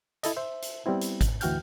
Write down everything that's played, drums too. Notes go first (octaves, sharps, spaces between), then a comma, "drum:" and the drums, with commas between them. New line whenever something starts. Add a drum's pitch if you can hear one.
E4 A4 D#5, drum: hi-hat
C5 E5
drum: hi-hat
G3 B3 C4 E4
drum: hi-hat
drum: kick G#1, hi-hat
D2 E3 F#4 G5 F6 G6, drum: hi-hat